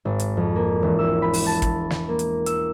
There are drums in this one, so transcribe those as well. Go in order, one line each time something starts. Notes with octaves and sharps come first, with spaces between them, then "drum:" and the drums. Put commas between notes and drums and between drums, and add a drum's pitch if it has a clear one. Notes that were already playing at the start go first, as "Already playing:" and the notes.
G#1
drum: hi-hat
F2
A#3
E1
E6
B5
drum: open hi-hat
A5
drum: kick, hi-hat
drum: snare
A#3
drum: hi-hat
E6, drum: hi-hat